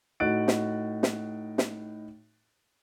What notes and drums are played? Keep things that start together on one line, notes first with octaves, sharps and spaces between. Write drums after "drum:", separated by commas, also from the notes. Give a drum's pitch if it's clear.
A2 D#4 F#4 F#6 A6 D7
drum: snare
drum: snare
drum: snare